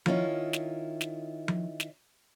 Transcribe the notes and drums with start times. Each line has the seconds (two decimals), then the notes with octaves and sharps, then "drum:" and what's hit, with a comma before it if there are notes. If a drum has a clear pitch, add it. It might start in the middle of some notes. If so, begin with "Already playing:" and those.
0.06 D#3 C#4 E4 F4, drum: tom F3
0.53 drum: snare
1.01 drum: snare
1.48 drum: tom F3
1.80 drum: snare